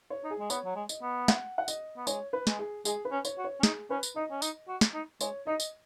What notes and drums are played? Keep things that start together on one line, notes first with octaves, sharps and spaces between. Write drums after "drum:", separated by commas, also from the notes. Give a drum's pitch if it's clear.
C#5
D#4
G#4
G#3
B3 C#5, drum: tambourine
F#3
G#3
D#5, drum: tambourine
B3
F#5, drum: snare
F#5
D#5, drum: tambourine
B3
G#3 C#5, drum: tambourine
B4
G#3, drum: snare
G#4
G#3 G#4, drum: tambourine
B4
C#4
C#5, drum: tambourine
F#4
C#5
C#4
D#4 G#4, drum: snare
C#4 B4
drum: tambourine
D#4 D#5
C#4
D#4, drum: tambourine
F#4
drum: snare
D#4
G#3 C#5, drum: tambourine
D#4 D#5
drum: tambourine